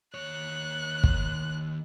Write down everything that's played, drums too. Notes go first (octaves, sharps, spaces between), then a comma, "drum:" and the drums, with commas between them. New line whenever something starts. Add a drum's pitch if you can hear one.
D#2 C#5 F#6
drum: kick